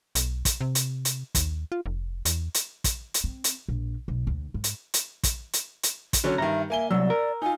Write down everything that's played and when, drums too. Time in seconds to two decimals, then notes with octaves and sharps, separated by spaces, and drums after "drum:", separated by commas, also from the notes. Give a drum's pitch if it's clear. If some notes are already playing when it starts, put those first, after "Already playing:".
0.15 B1, drum: hi-hat
0.45 drum: kick, hi-hat
0.61 C3
0.75 drum: hi-hat
1.05 drum: hi-hat
1.35 D#2, drum: kick, hi-hat
1.72 F4
1.86 F1
2.25 E2, drum: hi-hat
2.54 drum: hi-hat
2.84 drum: kick, hi-hat
3.14 drum: hi-hat
3.24 C4
3.44 drum: hi-hat
3.69 A#1
4.08 B1
4.27 D2
4.54 G#2
4.64 drum: hi-hat
4.94 drum: hi-hat
5.23 drum: kick, hi-hat
5.53 drum: hi-hat
5.83 drum: hi-hat
6.13 drum: kick, hi-hat
6.24 D3 F#3 C#4
6.38 G2 D#3 E5 A#5
6.70 A#3 E5 G#5 G7
6.91 C2 F#2 F#3 D5 E6
7.10 A#4
7.42 D#4 F4 G#5